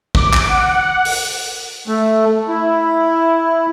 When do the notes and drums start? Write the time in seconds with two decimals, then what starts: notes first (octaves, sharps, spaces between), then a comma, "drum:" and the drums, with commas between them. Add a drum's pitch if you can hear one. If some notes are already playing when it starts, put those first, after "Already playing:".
0.15 D6, drum: kick
0.33 drum: clap
0.48 F#5
1.05 drum: open hi-hat
1.88 A3
2.48 E4